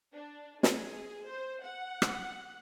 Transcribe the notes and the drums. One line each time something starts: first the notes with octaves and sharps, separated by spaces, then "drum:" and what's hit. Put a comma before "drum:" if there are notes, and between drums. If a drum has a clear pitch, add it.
D4
G#4, drum: snare
C5
F#5
drum: rim click